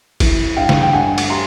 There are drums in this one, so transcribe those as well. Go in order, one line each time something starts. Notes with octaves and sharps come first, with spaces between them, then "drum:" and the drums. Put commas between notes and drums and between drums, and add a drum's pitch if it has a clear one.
E3, drum: kick, cymbal
G2 F5 G5
drum: snare
G5
G2 F#5 G#5
drum: cymbal
G3 A#5 C6